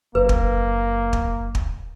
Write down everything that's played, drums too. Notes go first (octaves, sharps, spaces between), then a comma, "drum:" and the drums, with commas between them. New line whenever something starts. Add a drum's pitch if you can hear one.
F#1 A#3 B4
drum: kick
drum: kick
drum: kick